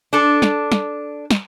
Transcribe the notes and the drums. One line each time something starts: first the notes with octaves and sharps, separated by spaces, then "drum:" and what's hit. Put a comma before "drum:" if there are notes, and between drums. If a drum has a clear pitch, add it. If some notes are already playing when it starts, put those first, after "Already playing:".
D4 A4
drum: snare
drum: snare
drum: snare